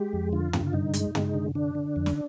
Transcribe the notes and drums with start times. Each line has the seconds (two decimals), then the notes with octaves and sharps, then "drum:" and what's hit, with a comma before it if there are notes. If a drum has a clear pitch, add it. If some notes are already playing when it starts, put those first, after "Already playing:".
Already playing: G#3 G4
0.13 F2
0.33 D3 F4
0.53 D3, drum: tom
0.66 F4
0.73 G2 D#4
0.94 G#3, drum: hi-hat
1.15 G#3, drum: tom
1.34 D3
1.55 D3 D4
1.75 D3
1.96 F2
2.06 drum: snare